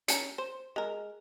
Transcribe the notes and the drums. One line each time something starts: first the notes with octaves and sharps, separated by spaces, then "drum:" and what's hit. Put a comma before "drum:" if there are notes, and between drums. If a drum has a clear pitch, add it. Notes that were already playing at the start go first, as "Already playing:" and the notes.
C#4 A5 A#5, drum: hi-hat
C5
G#3 A#4